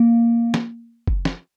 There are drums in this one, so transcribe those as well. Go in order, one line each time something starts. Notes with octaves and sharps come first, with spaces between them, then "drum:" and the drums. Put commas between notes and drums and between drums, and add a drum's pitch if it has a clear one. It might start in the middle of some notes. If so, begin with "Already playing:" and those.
Already playing: A#3
drum: snare
drum: kick
drum: snare